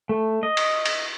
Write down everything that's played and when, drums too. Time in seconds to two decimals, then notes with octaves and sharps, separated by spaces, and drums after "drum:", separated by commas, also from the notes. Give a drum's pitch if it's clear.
0.09 A3
0.43 D#5
0.57 drum: cymbal
0.86 drum: cymbal